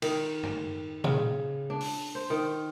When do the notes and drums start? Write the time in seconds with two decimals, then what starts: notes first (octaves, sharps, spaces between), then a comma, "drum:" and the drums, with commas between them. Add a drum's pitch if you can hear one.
0.02 D#3, drum: cymbal
0.43 drum: tom F#2
1.04 C#3, drum: tom A#2
1.70 D4
1.81 drum: open hi-hat
2.15 C5
2.30 D#3